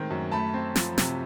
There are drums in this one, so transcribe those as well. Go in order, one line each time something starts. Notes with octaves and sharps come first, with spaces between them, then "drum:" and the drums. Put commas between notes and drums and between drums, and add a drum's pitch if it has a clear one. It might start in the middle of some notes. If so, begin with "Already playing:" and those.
Already playing: A2 D#3 G#3 C4 A#5
F#2
A3 A5 B5
C4
F3, drum: snare
C3, drum: snare